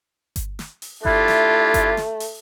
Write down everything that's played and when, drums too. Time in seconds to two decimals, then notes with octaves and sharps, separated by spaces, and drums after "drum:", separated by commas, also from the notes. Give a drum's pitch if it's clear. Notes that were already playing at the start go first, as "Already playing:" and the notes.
0.36 drum: kick G1, hi-hat
0.59 drum: snare
0.82 drum: open hi-hat
1.05 A3 D4 E4 F4 G4, drum: kick G1
1.28 drum: snare
1.74 drum: kick G1, hi-hat
1.97 drum: snare
2.20 drum: open hi-hat